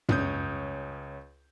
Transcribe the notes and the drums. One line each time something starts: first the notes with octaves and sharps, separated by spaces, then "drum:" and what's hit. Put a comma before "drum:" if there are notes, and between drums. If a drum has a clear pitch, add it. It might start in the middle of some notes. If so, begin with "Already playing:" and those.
C#2 C#4 C#5 D#6 G6, drum: tom